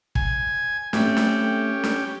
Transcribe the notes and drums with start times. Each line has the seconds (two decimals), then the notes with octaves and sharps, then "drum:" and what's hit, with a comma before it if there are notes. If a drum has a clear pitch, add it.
0.15 G#5, drum: kick
0.93 A3 C4 C#4 G4, drum: snare D4
1.17 drum: snare D4
1.84 drum: snare D4